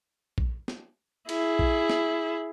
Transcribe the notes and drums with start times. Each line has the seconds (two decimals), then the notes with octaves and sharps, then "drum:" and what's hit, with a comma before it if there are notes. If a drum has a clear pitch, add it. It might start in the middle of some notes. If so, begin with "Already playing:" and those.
0.38 drum: kick A#1
0.68 drum: snare
1.29 E4 G#4, drum: cymbal
1.59 drum: kick A#1
1.90 drum: snare